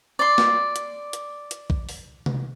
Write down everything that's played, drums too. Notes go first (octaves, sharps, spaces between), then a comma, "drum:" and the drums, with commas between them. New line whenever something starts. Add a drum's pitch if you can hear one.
D5 C6
drum: snare
drum: hi-hat
drum: hi-hat
drum: hi-hat
drum: kick A#1
drum: open hi-hat
drum: tom C3